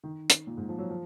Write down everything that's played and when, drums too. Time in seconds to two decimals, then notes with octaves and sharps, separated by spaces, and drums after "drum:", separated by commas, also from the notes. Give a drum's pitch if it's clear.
0.04 D#3
0.30 drum: hi-hat
0.47 A#2
0.57 G#2
0.69 F3
0.79 F#3
0.90 F3